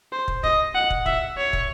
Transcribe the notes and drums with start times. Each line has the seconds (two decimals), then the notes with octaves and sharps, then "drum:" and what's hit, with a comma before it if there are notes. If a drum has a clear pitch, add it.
0.12 C5
0.28 drum: kick
0.44 D#5, drum: kick
0.75 F#5
0.90 drum: kick
1.06 E5, drum: kick
1.38 C#5
1.53 drum: kick